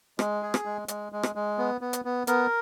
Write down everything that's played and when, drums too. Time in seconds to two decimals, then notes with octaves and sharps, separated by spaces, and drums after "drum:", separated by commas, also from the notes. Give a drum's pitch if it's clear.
0.19 G#3, drum: rim click
0.43 G#4
0.54 drum: rim click
0.65 G#3
0.88 G#3, drum: hi-hat
1.12 G#3
1.23 drum: rim click
1.35 G#3
1.58 B3
1.81 B3
1.93 drum: hi-hat
2.05 B3
2.27 B3 A#4, drum: hi-hat